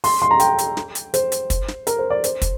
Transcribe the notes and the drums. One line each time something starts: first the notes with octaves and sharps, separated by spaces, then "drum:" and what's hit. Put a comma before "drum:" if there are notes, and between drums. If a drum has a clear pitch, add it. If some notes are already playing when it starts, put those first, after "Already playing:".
C6, drum: open hi-hat
C6
A#5
G5, drum: hi-hat
drum: hi-hat
drum: snare
drum: hi-hat
C5, drum: hi-hat
drum: hi-hat
drum: kick, hi-hat
drum: snare
A#4, drum: hi-hat
C5
D5
C5, drum: hi-hat
drum: kick, hi-hat